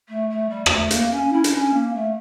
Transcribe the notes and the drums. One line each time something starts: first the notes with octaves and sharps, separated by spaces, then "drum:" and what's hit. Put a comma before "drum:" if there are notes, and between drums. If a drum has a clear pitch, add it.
A3
A3
G3
G3, drum: rim click
A3
A#3, drum: hi-hat
C#4
E4
D4, drum: hi-hat
C#4
A#3
A3